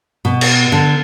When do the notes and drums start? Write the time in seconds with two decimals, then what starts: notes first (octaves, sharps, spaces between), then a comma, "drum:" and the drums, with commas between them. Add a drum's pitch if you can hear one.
0.25 B2
0.41 drum: cymbal
0.72 D3